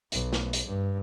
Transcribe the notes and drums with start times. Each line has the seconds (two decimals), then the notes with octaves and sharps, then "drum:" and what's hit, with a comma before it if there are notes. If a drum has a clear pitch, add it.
0.12 B1, drum: hi-hat
0.33 drum: snare
0.53 drum: hi-hat
0.67 G2